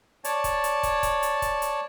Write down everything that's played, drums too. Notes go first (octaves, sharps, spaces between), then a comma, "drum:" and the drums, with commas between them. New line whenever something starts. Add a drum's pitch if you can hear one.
C#5 D5 A5, drum: hi-hat
drum: kick, hi-hat
drum: hi-hat
drum: kick, hi-hat
drum: kick, hi-hat
drum: hi-hat
drum: kick, hi-hat
drum: hi-hat